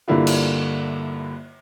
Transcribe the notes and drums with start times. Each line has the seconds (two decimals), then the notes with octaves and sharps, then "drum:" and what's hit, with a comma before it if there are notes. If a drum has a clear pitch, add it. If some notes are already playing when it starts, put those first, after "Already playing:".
0.08 G2 D3 A#3 E4 F4
0.27 drum: cymbal